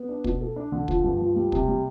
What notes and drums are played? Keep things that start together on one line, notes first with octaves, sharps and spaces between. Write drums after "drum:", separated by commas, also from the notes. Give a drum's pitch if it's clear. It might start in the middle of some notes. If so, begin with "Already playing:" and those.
Already playing: B3
D4
B2, drum: kick
A4
D4
D3
F3, drum: kick
G2
F3
G3
C3, drum: kick
G3